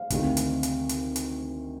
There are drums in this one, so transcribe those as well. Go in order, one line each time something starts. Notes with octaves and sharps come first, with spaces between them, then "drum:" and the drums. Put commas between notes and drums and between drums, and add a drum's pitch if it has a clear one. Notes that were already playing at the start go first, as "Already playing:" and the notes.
Already playing: F5
D2 C3 D#3, drum: kick, hi-hat
drum: hi-hat
drum: hi-hat
drum: hi-hat
drum: hi-hat